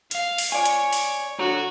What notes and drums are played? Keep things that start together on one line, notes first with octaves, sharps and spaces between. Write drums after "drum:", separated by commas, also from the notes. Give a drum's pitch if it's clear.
F5, drum: hi-hat
drum: open hi-hat
C#5 D5 G#5
drum: hi-hat
drum: open hi-hat
D3 F#4 C#5 A#5